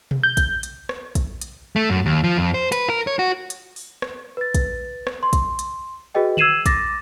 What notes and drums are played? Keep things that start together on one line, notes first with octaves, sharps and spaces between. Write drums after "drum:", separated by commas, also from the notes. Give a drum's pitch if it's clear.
drum: tom B2
G6
drum: kick, hi-hat
drum: hi-hat
drum: rim click
drum: kick, hi-hat
drum: hi-hat
A3
F#2
D#2
F3
F2
C5
B4, drum: hi-hat
A#4
C#5
F#4
drum: hi-hat
drum: open hi-hat
drum: rim click
B4 A6
drum: kick, hi-hat
drum: rim click
C6
drum: kick, hi-hat
drum: hi-hat
F#4 G#4 B4 D#5 G5
E6 G#6 C7 D#7 E7 F#7, drum: tom D3
D6 A6 A#6, drum: kick, hi-hat